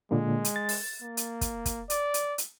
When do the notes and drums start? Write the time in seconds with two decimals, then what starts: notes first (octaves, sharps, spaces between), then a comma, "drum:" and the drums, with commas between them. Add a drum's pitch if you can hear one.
0.11 A#2 D3 G#3 A#3
0.45 drum: hi-hat
0.56 A6
0.69 drum: open hi-hat
1.02 A#3
1.17 drum: hi-hat
1.41 drum: kick, hi-hat
1.66 drum: kick, hi-hat
1.90 D5, drum: hi-hat
2.14 drum: hi-hat
2.38 drum: hi-hat